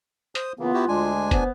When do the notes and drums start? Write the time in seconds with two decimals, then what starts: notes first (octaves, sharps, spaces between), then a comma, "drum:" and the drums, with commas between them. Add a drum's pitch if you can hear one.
0.35 C5 D#6, drum: hi-hat
0.59 C#3 E3 A#3 B3 F4
0.74 E4 F#4 G4
0.88 D2 G#3 D4 G#5
1.31 B3 C5, drum: kick, hi-hat